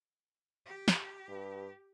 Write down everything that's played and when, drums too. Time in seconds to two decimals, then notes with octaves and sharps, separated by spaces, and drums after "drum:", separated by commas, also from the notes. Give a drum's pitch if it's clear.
0.66 G4
0.88 drum: snare
1.29 G2